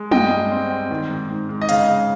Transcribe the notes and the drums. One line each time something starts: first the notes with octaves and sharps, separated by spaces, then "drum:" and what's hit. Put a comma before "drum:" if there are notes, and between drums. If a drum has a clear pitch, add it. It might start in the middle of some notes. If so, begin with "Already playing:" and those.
Already playing: G#3
G2 D#5 G5, drum: tom
G2
C4
C4
D#3
G#2
G#2
G#2
D#5
C#3 F5, drum: hi-hat
C#3